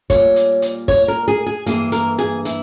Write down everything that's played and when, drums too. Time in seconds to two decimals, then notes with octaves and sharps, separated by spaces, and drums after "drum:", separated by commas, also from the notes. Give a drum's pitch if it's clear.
0.10 A#2 G3 A#3 C#5, drum: kick, hi-hat
0.36 drum: hi-hat
0.62 drum: hi-hat
0.88 C#5, drum: kick, open hi-hat
1.08 A#4
1.28 G#4
1.46 G#4
1.66 G2 E3 A#3 G#4, drum: hi-hat
1.92 A#4, drum: hi-hat
2.18 G#4, drum: snare
2.45 E4, drum: hi-hat